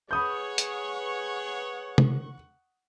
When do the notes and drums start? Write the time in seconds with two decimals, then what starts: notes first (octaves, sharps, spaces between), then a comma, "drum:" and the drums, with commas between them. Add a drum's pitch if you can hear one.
0.11 G#4 B4 C#5 F#5 B5 C#6 D#6 G6
0.58 drum: hi-hat
1.98 drum: tom